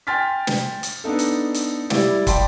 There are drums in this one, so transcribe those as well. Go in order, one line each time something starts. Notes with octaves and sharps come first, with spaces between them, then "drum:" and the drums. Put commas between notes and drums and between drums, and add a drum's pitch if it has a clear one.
G5 G#5 C6 F6 A6 B6
drum: snare
drum: hi-hat
B3 D4 D#4 A4
drum: hi-hat
drum: hi-hat
G3 E4 D5, drum: snare
D5 G5 A5 B5 C6, drum: kick, hi-hat